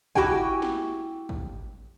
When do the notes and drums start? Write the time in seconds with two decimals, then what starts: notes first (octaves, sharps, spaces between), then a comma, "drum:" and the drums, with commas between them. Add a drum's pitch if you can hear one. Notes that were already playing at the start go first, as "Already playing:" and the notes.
0.15 E4 F#4 G4 G5 G#5, drum: kick
0.62 drum: snare
1.29 drum: kick